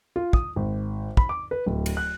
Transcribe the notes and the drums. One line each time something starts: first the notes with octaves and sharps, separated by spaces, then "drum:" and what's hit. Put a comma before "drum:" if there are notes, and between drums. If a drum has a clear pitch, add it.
F4
D#6, drum: kick
G#1
B5, drum: kick
D6
B4
D1
drum: cymbal
F#6